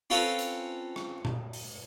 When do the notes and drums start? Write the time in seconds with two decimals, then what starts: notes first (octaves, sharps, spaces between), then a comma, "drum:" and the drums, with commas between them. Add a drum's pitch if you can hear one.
0.10 C4 C#4 F4 A4 B4
0.39 drum: hi-hat
0.96 drum: rim click
1.25 drum: tom A#2
1.53 drum: open hi-hat